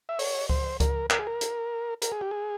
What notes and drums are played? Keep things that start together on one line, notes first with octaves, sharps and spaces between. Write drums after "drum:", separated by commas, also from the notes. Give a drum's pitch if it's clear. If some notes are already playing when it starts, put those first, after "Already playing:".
E5
C#5, drum: open hi-hat
C5, drum: kick C#2
A#4, drum: kick C#2, hi-hat
A#4, drum: clap
G#4
A#4
drum: hi-hat
A#4, drum: hi-hat
G#4
G4
G#4